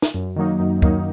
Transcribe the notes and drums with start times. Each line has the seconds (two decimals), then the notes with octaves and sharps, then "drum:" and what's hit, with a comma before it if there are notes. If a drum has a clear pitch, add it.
0.02 drum: snare
0.14 F#2
0.36 D#3 F#3 A#3 D#4
0.60 F#2
0.82 D#3 F#3 A#3 D#4, drum: kick